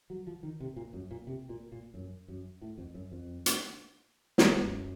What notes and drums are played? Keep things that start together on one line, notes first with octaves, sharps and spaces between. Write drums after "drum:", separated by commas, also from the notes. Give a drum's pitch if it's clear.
F#3
F3
D#3
C3
A#2
F#2
A#2
C3
A#2
A#2
F#2
F#2
A2
F2
F#2
F2
drum: hi-hat
drum: snare
F#2